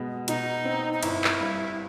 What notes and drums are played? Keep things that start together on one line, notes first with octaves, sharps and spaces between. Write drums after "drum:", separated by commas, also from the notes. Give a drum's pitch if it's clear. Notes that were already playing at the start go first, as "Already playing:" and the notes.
Already playing: B2 G#3
B2 D#4, drum: hi-hat
C4
D#4
G1 E4, drum: cymbal
drum: clap
G2